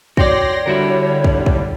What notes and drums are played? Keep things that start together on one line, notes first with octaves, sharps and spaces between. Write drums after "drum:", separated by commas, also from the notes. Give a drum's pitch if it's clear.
F#4 C#5 D5 G5 C6 A#6, drum: kick
D3 G3 E4 F#4 A#4
drum: kick
drum: kick